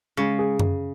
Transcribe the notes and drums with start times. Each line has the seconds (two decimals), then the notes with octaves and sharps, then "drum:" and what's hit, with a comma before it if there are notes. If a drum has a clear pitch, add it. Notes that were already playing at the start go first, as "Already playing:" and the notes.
0.17 C#3 G#3
0.39 G#4
0.59 G#4, drum: tom F#2